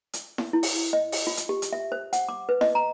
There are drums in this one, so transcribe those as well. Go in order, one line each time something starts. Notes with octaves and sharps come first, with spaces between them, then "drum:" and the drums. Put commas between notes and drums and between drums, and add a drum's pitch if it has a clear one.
drum: hi-hat
drum: snare E4
E4
drum: open hi-hat
D#5
drum: open hi-hat
F4
drum: hi-hat
G4
drum: hi-hat
E5
C5
F#5, drum: hi-hat
D6
B4
D#5, drum: snare E4
A#5